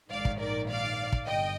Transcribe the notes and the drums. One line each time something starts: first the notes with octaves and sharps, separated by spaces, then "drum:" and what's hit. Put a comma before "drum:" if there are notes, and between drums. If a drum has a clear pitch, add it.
A#1 G#2 D#3 D5 F5
drum: kick
A#4 D5
D5 F5
drum: kick
G1 D#5 G5